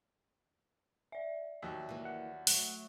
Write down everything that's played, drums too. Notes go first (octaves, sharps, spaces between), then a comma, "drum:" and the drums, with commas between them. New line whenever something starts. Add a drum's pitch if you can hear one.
D5 E5
D#2 F#3
E3 A#3
F#5
F#3 A3 F#6, drum: open hi-hat